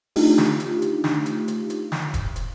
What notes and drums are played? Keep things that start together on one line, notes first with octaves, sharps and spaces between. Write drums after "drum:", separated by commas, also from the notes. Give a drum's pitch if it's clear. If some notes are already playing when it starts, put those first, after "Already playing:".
A3 D4 D#4 F4 G4, drum: open hi-hat
drum: snare
drum: hi-hat
drum: hi-hat
drum: snare
drum: hi-hat
drum: hi-hat
drum: hi-hat
drum: snare
drum: kick E1, hi-hat
drum: hi-hat